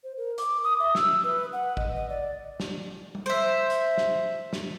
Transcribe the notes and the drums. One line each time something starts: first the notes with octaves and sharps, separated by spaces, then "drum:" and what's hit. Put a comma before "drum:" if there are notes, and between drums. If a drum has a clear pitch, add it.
C5
A#4
D6, drum: hi-hat
D#6
E5
E6, drum: snare
B4
F#5
D#5, drum: kick
D#5
D5
drum: snare
drum: tom G3
C5 E5
drum: hi-hat
drum: snare
drum: snare